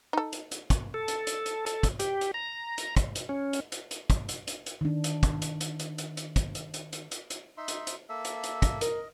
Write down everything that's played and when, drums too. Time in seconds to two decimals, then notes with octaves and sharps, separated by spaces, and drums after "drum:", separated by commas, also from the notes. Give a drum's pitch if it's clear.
0.13 D#4 A4
0.32 drum: hi-hat
0.51 drum: hi-hat
0.70 drum: kick, hi-hat
0.94 A4
1.08 drum: hi-hat
1.27 drum: hi-hat
1.46 drum: hi-hat
1.66 A4, drum: hi-hat
1.83 drum: kick, hi-hat
1.99 G4, drum: hi-hat
2.21 drum: hi-hat
2.34 A#5
2.78 drum: hi-hat
2.96 drum: kick, hi-hat
3.15 drum: hi-hat
3.29 C#4
3.53 drum: hi-hat
3.72 drum: hi-hat
3.91 drum: hi-hat
4.10 drum: kick, hi-hat
4.29 drum: hi-hat
4.47 drum: hi-hat
4.66 drum: hi-hat
4.81 D#3 D4
5.04 drum: hi-hat
5.23 drum: kick, hi-hat
5.42 drum: hi-hat
5.61 drum: hi-hat
5.79 drum: hi-hat
5.98 drum: hi-hat
6.17 drum: hi-hat
6.36 drum: kick, hi-hat
6.55 drum: hi-hat
6.74 drum: hi-hat
6.93 drum: hi-hat
7.11 drum: hi-hat
7.30 drum: hi-hat
7.57 D#4 E5 C6
7.68 drum: hi-hat
7.87 drum: hi-hat
8.09 A#3 A4 E5
8.25 drum: hi-hat
8.43 drum: hi-hat
8.62 drum: kick, hi-hat
8.81 A#4 D#5, drum: hi-hat